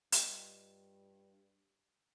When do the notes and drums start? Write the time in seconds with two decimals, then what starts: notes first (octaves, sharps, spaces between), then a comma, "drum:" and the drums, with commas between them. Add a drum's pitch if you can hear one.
0.12 G2 F4 D#5 G5, drum: hi-hat